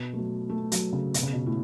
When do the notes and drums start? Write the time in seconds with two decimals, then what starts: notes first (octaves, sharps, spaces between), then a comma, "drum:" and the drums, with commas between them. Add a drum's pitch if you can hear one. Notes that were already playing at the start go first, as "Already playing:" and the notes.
Already playing: B2
0.13 A3
0.18 F#3
0.50 A3
0.72 F#3, drum: hi-hat
0.93 C#3
1.14 B2, drum: hi-hat
1.23 C#3
1.33 B2
1.46 A2